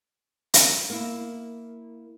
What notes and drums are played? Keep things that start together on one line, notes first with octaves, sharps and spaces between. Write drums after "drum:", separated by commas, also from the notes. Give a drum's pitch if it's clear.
drum: hi-hat
A#3 E4